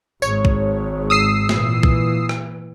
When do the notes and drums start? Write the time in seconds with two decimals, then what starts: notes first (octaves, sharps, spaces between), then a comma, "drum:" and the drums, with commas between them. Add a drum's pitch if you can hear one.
0.22 G#1 G#2 C#5, drum: tambourine
0.45 drum: kick
1.10 D#6 E6 C7
1.49 A#2 E3, drum: snare
1.83 drum: kick
2.29 drum: rim click